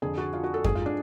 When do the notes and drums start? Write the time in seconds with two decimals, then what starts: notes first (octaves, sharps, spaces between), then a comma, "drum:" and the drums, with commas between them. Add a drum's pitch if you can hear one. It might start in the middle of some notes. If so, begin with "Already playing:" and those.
0.02 F2 D3 G#4
0.17 F#4
0.34 F4
0.44 F#4
0.54 A4
0.65 G#2 G#4, drum: kick F2
0.75 F4
0.86 D4